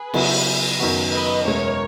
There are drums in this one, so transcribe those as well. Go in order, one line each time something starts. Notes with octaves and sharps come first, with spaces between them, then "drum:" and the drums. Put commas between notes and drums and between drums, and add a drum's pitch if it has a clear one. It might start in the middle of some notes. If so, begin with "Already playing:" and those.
Already playing: G#4 B4
C#3 F#3 B3 E4, drum: cymbal
F#2 D#3 F#3 B3 F#4
B4 D#5
E2 B2 G#3 C#4 E4 A#4 C#5